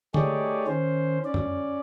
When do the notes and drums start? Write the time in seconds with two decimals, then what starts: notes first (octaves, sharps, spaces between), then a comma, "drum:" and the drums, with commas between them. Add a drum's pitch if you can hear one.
0.14 A3 D#4 G4 G#4 C#5 D5, drum: tom D3
0.67 D#3 C#4 C5
1.25 C#4 D5
1.34 drum: tom